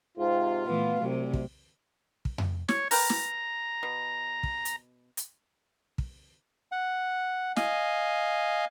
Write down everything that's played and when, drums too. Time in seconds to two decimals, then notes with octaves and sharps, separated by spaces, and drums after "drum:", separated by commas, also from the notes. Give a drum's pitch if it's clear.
0.17 G#2 C3 F4
0.66 A#2 E3 A3 B3
1.00 C2 C3 F#3
1.34 drum: kick
2.25 drum: kick
2.38 drum: tom F2
2.68 C#5, drum: snare
2.91 A#4 B4 G5 A#5, drum: open hi-hat
3.10 drum: snare
3.83 B2
4.43 drum: kick
4.65 drum: hi-hat
5.17 drum: hi-hat
5.98 drum: kick
6.72 F#5
7.56 D#5 F5 G#5, drum: snare